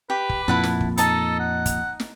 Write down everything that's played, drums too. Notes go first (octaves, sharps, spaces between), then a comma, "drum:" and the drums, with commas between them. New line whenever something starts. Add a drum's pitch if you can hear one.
G4 B4
drum: kick
F2 A#2 E4 F#5 A5
drum: snare
drum: kick
D#4 A4 D#5 A5, drum: hi-hat
F#5
drum: kick, hi-hat
drum: snare